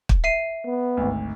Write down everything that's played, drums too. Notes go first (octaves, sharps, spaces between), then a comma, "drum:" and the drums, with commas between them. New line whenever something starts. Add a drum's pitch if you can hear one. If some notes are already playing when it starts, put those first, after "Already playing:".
drum: kick
E5 C7 D#7
B3
G#1 D2